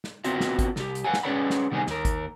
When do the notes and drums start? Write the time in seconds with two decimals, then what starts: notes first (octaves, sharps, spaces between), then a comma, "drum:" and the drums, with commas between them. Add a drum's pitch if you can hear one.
0.04 drum: snare
0.24 B3 C4 F4 F#4 E5, drum: hi-hat
0.40 drum: snare
0.59 drum: kick G#1, hi-hat
0.76 C2 G4, drum: snare
0.95 drum: hi-hat
1.05 B4 F5 F#5 G#5
1.14 drum: snare
1.23 C#4 G#4 B4 D5 F#5 B5
1.50 drum: snare
1.72 C3 D#3 G3 B3 E4 G#4
1.87 D#2 A#4, drum: snare
2.05 drum: kick G#1, hi-hat